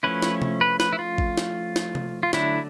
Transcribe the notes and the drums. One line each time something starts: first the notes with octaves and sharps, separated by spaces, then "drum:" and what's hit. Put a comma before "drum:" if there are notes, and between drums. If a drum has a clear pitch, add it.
F3 A3 C#4 E4 B4
drum: snare
drum: tom C3
B4
B4, drum: snare
E4
F4
drum: kick G#1
drum: snare
drum: snare
drum: tom C3
F4
D3 F#3 A3 D4 E4, drum: snare